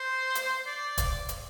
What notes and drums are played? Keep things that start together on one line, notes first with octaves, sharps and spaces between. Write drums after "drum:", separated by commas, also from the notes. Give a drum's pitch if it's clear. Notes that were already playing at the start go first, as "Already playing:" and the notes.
Already playing: C5
drum: hi-hat
D5
drum: kick, hi-hat
drum: hi-hat